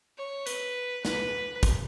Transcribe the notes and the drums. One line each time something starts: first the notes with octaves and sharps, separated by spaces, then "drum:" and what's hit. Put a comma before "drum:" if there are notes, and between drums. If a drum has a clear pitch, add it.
C#5
B4, drum: hi-hat
B4, drum: snare
drum: kick, hi-hat